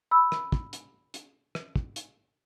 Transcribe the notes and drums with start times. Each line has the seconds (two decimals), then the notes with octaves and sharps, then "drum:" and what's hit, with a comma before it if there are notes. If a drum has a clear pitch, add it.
0.11 B5 E6
0.32 drum: rim click
0.52 drum: kick
0.73 drum: hi-hat
1.14 drum: hi-hat
1.55 drum: rim click
1.76 drum: kick
1.96 drum: hi-hat